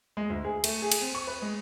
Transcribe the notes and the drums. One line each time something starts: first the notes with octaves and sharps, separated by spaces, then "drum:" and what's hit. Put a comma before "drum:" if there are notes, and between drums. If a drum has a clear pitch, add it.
G#3
D2
G#4
A3, drum: cymbal
G#4
drum: cymbal
C4
C#6
B4
G#3